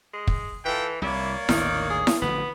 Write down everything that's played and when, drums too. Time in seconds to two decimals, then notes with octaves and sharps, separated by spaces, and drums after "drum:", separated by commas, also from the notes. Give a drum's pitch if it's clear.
0.14 G#3
0.27 drum: kick
0.65 E3 F4 A4 G5
1.02 C2 C3 A#3 E4 C#5 D5
1.49 A1 D#2 D3 D#3, drum: snare E4
1.90 G#4
2.07 drum: snare E4
2.22 A1 D3 F3 B3